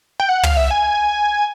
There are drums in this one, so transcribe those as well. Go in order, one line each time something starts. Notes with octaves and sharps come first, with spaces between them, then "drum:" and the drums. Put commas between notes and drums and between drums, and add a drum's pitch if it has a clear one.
G5
F#5
F5, drum: tom
E5
G#5